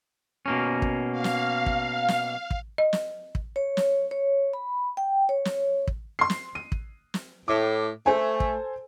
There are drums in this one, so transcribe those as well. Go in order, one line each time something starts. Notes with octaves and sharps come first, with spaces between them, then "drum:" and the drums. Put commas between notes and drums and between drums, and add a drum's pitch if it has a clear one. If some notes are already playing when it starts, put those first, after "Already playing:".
B2 A#3 C#4
drum: kick
F5
drum: snare
drum: kick
drum: snare
drum: kick
D#5
drum: snare
drum: kick
C#5
drum: snare
C#5
B5
G5
C#5
drum: snare
drum: kick
C6 C7
drum: snare
D#7
drum: kick
drum: snare
A2 D6
A3 A4 C5 G#5
drum: kick